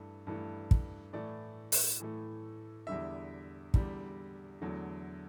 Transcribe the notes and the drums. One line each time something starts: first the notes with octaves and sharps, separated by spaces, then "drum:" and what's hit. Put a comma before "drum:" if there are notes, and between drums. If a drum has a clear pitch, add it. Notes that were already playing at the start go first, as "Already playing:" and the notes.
Already playing: G2 E3 A3
G2 E3 A3
drum: kick
A2 E3 A3 D5
drum: open hi-hat
A2 E3 A3
E2 D3 G3 E5
E2 D3 G3, drum: kick
E2 D3 F#3 A3